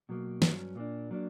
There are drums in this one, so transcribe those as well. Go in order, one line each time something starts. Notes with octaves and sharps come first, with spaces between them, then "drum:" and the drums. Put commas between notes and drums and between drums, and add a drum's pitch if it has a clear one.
B2 F#3 A#3
G2 F#3 C#4, drum: snare
A#2 A#3 D4
F#3 A#3 D4